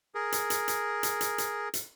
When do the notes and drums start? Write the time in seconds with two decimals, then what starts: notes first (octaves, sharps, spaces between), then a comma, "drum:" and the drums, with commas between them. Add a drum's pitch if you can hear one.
0.15 G#4 A#4
0.32 drum: hi-hat
0.50 drum: hi-hat
0.68 drum: hi-hat
1.03 drum: hi-hat
1.21 drum: hi-hat
1.38 drum: hi-hat
1.74 drum: hi-hat